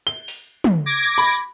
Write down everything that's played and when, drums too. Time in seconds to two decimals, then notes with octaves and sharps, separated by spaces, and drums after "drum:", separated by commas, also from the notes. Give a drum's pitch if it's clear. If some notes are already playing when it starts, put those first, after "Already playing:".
0.07 G7
0.28 drum: open hi-hat
0.64 drum: tom
0.86 D6 G#6 A#6
1.18 B5